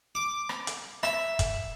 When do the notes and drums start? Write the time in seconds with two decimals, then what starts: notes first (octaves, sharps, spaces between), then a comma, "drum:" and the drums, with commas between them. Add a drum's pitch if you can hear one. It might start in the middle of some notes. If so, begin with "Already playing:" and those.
0.15 D6
0.49 drum: rim click
0.67 drum: hi-hat
1.03 E5, drum: rim click
1.39 drum: kick, hi-hat